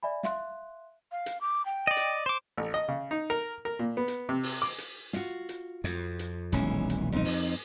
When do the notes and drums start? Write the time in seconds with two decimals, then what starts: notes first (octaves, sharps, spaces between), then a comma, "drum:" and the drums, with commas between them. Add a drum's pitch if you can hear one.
0.03 D5 E5 G#5 B5
0.23 E5 F5 C6 F#6, drum: snare
1.12 F5
1.26 drum: hi-hat
1.41 D6
1.65 G5
1.87 D5 D#5
1.97 drum: hi-hat
2.26 C5 D6
2.57 A1
2.74 D#5
2.88 C#3
3.11 D#4
3.30 A#4
3.65 A#4
3.79 A#2
3.97 B3
4.08 drum: hi-hat
4.29 C3
4.43 drum: open hi-hat
4.62 D6
4.78 drum: hi-hat
5.13 F4 F#4, drum: snare
5.49 drum: hi-hat
5.84 F2, drum: snare
6.19 drum: hi-hat
6.52 D#1 B1 E3 G#3 C#4, drum: hi-hat
6.90 drum: hi-hat
7.12 F2 C4 D#4
7.25 drum: open hi-hat